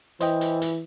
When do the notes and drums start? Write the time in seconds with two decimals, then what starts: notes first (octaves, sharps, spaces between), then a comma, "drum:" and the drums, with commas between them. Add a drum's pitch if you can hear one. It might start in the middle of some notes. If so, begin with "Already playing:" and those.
0.21 E3 C5 D#5 G5, drum: hi-hat
0.41 drum: hi-hat
0.62 drum: hi-hat